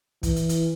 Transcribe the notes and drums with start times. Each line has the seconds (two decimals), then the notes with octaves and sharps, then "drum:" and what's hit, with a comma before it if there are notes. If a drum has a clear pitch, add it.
0.23 E3, drum: kick, hi-hat
0.36 drum: hi-hat
0.49 drum: hi-hat